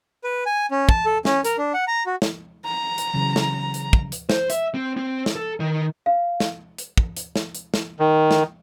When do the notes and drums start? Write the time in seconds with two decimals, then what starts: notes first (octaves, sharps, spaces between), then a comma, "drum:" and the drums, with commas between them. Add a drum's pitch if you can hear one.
0.24 B4
0.46 G#5
0.71 C#4
0.89 A5, drum: kick
1.06 A4
1.25 C#4, drum: snare
1.44 A#4, drum: hi-hat
1.58 D4
1.74 F#5
1.88 A#5
2.06 F#4
2.22 drum: snare
2.65 A#5
2.98 drum: hi-hat
3.14 C#3 E3 F#3
3.36 drum: snare
3.74 drum: hi-hat
3.93 drum: kick
4.12 drum: hi-hat
4.30 C5, drum: snare
4.50 E5, drum: hi-hat
4.74 C4
4.97 C4
5.26 drum: snare
5.36 A4
5.60 D#3
6.06 F5
6.40 drum: snare
6.78 drum: hi-hat
6.97 drum: kick
7.17 drum: hi-hat
7.36 drum: snare
7.55 drum: hi-hat
7.74 drum: snare
8.00 D#3
8.31 drum: snare